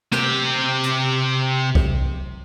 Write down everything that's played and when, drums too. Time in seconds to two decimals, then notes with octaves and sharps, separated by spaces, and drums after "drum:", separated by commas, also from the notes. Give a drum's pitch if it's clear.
0.12 C3 G4, drum: snare
0.83 drum: hi-hat
1.75 drum: kick B1